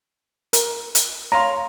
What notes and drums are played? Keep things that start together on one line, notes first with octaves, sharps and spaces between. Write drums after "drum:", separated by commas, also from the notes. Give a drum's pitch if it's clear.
A#4, drum: hi-hat
drum: hi-hat
C#5 F5 A#5 C6